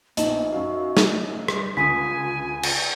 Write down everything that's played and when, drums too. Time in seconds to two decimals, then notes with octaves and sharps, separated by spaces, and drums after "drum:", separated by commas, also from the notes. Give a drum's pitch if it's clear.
0.17 A#1 B3 D#4 D#5, drum: hi-hat
0.52 F#2 F#4 F5
0.97 drum: snare
1.48 G3, drum: rim click
1.77 C#2 D3 F4 G#5 D#6 B6
2.63 drum: cymbal